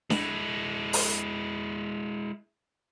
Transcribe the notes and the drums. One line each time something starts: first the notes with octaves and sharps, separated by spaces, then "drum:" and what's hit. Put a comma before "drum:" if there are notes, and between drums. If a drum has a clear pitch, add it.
G#3 E4, drum: snare D4
drum: open hi-hat